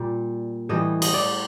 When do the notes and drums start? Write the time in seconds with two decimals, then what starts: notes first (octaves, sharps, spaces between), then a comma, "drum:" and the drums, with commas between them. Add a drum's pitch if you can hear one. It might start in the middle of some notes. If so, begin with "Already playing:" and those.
Already playing: A#2 G3
0.69 A2 E3 G3 D#5
1.02 D#5, drum: cymbal
1.14 D5